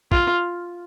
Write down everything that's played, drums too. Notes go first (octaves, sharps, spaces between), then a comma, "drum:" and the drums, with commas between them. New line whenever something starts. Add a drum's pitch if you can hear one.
F4, drum: kick